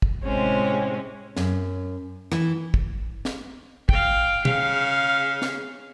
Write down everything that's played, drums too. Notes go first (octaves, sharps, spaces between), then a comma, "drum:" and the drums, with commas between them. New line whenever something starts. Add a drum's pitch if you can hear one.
drum: kick
A2 C3 G#3 C4 C#4
F#2, drum: snare
E3, drum: rim click
drum: kick
drum: snare
F5 G5, drum: kick
C#3 F5, drum: tom
drum: snare